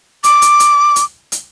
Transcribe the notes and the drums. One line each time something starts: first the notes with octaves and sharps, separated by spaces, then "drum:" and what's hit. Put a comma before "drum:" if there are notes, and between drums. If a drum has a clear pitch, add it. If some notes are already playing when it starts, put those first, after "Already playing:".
D6, drum: hi-hat
drum: hi-hat
drum: hi-hat
drum: hi-hat
drum: hi-hat